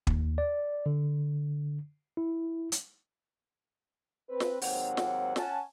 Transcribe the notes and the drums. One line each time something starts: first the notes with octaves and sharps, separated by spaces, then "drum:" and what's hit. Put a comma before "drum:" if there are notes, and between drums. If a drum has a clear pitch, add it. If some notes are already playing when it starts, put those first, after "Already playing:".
D#2, drum: kick
D5
D3
E4
drum: hi-hat
C4 B4
drum: snare
D#2 G#2 F#3 C4 F#5, drum: open hi-hat
drum: snare
C#4 F#5 G#5 A5, drum: snare